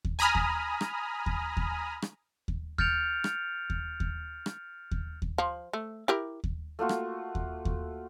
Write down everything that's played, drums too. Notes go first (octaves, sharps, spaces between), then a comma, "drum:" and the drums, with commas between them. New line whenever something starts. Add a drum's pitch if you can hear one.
drum: kick D#2
G#5 A#5 B5 D#6 F6
drum: kick D#2
drum: rim click
drum: kick D#2
drum: kick D#2
drum: rim click
drum: kick D#2
F6 G6 A6 C#7 D7 F7, drum: kick D#2
drum: rim click
drum: kick D#2
drum: kick D#2
drum: rim click
drum: kick D#2
drum: kick D#2
F3
A3
E4 G4 A#4
drum: kick D#2
A3 A#3 F4 F#4
drum: rim click
drum: kick D#2
drum: kick D#2